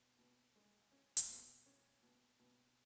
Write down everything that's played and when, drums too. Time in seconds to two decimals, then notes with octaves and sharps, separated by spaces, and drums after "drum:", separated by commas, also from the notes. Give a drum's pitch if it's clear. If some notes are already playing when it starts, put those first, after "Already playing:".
Already playing: B2
0.19 B2
0.56 G#3
0.92 C#4
1.17 drum: hi-hat
1.28 B2
1.66 C#4
2.03 B2
2.39 B2